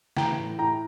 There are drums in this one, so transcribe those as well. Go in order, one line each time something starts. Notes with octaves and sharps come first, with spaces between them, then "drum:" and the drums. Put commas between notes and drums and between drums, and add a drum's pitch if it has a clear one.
E3 G5 A#5, drum: snare
A2
A2 G5 A#5